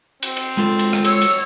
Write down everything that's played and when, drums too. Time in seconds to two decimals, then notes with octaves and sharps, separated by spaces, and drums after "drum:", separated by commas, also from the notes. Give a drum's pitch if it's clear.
0.23 C4, drum: cymbal
0.37 drum: cymbal
0.57 G#3 F4 A4
0.79 drum: cymbal
0.93 drum: rim click
1.04 C#5 E6, drum: cymbal
1.21 drum: cymbal